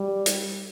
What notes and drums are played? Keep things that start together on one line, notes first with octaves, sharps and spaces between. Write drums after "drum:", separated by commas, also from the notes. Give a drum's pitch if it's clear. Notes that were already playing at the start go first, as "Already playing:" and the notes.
Already playing: G3
drum: hi-hat